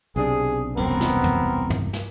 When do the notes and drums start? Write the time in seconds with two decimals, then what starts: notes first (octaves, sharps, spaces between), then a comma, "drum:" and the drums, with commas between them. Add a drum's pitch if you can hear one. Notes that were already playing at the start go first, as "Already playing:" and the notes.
0.16 B1 C3 D4 G#4
0.77 E1 C2 F#2 B3 C4 A#4, drum: cymbal
1.00 drum: snare
1.24 drum: tom
1.70 drum: tom
1.93 drum: snare